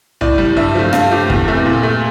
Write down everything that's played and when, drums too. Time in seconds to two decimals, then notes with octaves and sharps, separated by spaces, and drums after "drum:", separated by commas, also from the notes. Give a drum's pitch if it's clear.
0.21 A2 D5, drum: tom A1
0.38 G3
0.57 G2 E5
0.75 F3 A3
0.93 G2 F5, drum: rim click
1.11 F3 A3 G4
1.30 E2, drum: kick
1.48 C3 E3 A3
1.66 A#2
1.83 A3